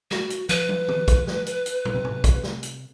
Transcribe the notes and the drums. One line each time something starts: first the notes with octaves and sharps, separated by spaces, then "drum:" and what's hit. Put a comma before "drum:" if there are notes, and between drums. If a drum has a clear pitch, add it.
F#4, drum: snare
drum: hi-hat
F3 B4, drum: hi-hat
drum: tom
drum: tom D#3
drum: kick, hi-hat
drum: snare
drum: hi-hat
drum: hi-hat
drum: tom
C3
drum: tom
drum: kick, hi-hat
drum: snare
drum: hi-hat